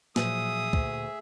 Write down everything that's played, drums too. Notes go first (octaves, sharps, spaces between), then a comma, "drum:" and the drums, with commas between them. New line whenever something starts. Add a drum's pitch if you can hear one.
A#2 F3 F#3 G#4 E5 D#6, drum: snare
D2, drum: kick